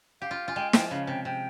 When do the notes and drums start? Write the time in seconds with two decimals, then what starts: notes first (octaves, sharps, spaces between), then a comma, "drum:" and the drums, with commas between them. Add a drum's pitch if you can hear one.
0.22 G4 F5
0.31 F4
0.48 F4 G#5
0.56 G#3 G5
0.73 F3 G5, drum: snare
0.91 C#3 F5
1.07 C3 G5
1.25 C3 G5